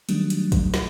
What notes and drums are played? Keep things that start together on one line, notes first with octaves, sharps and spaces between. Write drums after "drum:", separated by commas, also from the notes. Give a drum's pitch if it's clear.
D#3 F#3 G3 A3 D4, drum: hi-hat
drum: hi-hat
drum: kick, hi-hat
drum: snare